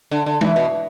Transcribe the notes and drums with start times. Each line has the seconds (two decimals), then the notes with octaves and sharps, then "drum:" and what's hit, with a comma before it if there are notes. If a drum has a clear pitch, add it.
0.11 D3
0.26 D3
0.41 E3, drum: tom
0.56 B2